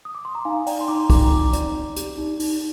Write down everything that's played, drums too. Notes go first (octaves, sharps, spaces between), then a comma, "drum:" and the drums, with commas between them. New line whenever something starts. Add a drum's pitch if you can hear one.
D#6
D6
C6
A#5
D#4 F5 G#5
D5 G5 A#5, drum: open hi-hat
C6
D#4 A#5 D6
D#4 A#5 D6, drum: kick, open hi-hat
D#4
D5, drum: hi-hat
D5
G4, drum: hi-hat
D#4
D#4, drum: open hi-hat